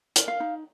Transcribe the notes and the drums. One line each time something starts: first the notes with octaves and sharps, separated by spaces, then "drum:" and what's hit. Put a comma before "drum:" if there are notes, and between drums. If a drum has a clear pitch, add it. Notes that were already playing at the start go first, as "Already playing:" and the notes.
A#4, drum: hi-hat
F5
D#4